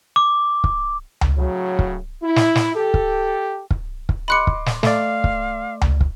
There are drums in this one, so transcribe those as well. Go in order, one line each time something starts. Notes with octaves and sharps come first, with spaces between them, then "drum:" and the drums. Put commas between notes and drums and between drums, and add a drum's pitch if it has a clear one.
D6
drum: kick
drum: tom C#2
A2 C#3 F#3
drum: kick
E4
drum: snare
drum: snare
G4 A4
drum: kick
drum: kick
drum: kick
D#5 B5 C6 D6 F#6 C#7
drum: kick
drum: snare
A3 D5 F5, drum: snare
drum: kick
drum: tom C#2
drum: kick